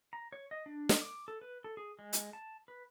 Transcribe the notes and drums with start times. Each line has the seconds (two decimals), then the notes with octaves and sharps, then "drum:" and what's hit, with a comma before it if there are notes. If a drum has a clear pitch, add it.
0.13 A#5
0.32 C#5
0.51 D#5
0.66 D4
0.89 drum: snare
1.01 D6
1.28 A4
1.41 B4
1.64 A4
1.77 G#4
1.99 G#3
2.13 drum: hi-hat
2.33 A5
2.68 B4